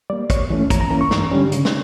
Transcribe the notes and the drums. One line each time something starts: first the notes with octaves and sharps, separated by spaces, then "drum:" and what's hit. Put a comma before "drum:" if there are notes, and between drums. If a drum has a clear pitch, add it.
G3 A#3 D5
E2 C#5, drum: kick, hi-hat
E3 A3 C#4
F2 A#5, drum: kick, hi-hat
A#5
E3 A#3 C#4 A#5
C#6
G2, drum: snare
D3 G3 C#4
C#3, drum: hi-hat
drum: snare